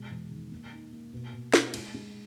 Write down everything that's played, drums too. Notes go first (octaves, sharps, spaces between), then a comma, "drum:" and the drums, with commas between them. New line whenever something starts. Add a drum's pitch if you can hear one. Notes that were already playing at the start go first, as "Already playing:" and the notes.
Already playing: B2 G#3
E2
D#3
A#3
D#4
A#3
B2
B2
D#4, drum: snare
G#3, drum: cymbal
G#3